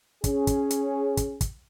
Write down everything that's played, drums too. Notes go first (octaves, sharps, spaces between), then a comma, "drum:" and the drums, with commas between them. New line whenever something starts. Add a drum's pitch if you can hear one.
C#4 G#4, drum: kick, hi-hat
drum: kick, hi-hat
drum: hi-hat
drum: kick, hi-hat
drum: kick, hi-hat